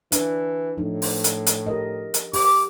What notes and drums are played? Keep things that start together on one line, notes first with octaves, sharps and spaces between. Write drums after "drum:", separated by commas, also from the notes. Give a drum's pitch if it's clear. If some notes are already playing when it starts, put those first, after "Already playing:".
E3 D4, drum: hi-hat
A2 F3 D4 D#4
drum: open hi-hat
drum: hi-hat
drum: hi-hat
G4 A#4 D#5
drum: hi-hat
G4 D6, drum: open hi-hat